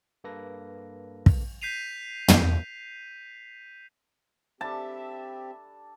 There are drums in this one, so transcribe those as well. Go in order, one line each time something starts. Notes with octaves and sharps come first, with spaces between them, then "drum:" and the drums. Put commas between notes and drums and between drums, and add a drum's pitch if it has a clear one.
G2 A#3 A4 B4 A#6
drum: kick
G6 B6 C7 D#7 F7
drum: tom
G3 C4 D4 G4 A4 E5 A5